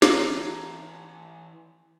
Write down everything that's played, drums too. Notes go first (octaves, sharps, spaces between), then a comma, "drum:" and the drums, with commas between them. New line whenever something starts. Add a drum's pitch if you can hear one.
E3 C#5 A#5, drum: snare